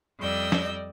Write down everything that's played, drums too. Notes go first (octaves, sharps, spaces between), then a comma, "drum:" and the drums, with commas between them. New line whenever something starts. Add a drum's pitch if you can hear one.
F2 G3 D5 D#5 E6 G6
drum: snare